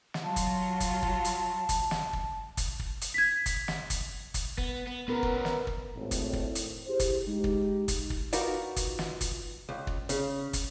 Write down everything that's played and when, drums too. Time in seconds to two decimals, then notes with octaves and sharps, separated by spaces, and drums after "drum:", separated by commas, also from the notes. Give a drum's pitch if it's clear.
0.14 drum: snare
0.24 F#3 F4 A5
0.36 drum: kick, hi-hat
0.80 drum: kick, hi-hat
1.03 drum: kick
1.25 drum: hi-hat
1.69 drum: kick, hi-hat
1.91 drum: snare
2.13 drum: kick
2.57 drum: kick, hi-hat
2.80 drum: kick
3.02 drum: hi-hat
3.14 G#6 B6
3.46 drum: kick, hi-hat
3.68 drum: snare
3.90 drum: kick, hi-hat
4.34 drum: kick, hi-hat
4.58 B3, drum: kick
4.87 B3
5.08 B3 C#4 A#4 B4
5.23 drum: kick
5.45 drum: snare
5.67 drum: kick
5.95 G#1 A2
6.11 drum: kick, hi-hat
6.33 drum: kick
6.55 drum: hi-hat
6.88 E4 G4 G#4 C5
7.00 drum: kick, hi-hat
7.27 G#3 D#4 G4
7.44 drum: kick
7.88 drum: kick, hi-hat
8.10 drum: kick
8.33 D#4 F4 F#4 A#4 B4 D5, drum: hi-hat
8.77 drum: kick, hi-hat
8.99 drum: snare
9.21 drum: kick, hi-hat
9.69 C#2
9.87 drum: kick
10.09 C#3, drum: hi-hat
10.53 drum: kick, hi-hat